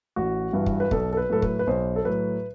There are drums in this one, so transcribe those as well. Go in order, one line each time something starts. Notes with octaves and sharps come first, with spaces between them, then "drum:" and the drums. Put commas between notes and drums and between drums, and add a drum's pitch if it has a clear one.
A1 F#4
G2 E3
drum: kick
B4
B1 A4, drum: kick
A4
B4
A2 F#3 A4
B4, drum: kick
B4
B1 C5
A4
A2 F#3 B4